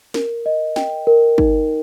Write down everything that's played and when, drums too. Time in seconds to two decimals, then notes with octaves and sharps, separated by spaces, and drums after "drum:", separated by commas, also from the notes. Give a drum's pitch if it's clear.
0.14 A#4, drum: snare
0.46 D#5
0.76 G5, drum: snare
1.07 A#4
1.38 D#4, drum: kick